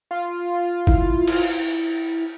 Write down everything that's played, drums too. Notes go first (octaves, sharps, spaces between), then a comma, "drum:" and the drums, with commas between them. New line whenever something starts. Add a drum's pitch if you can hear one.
F4
E4, drum: kick
drum: cymbal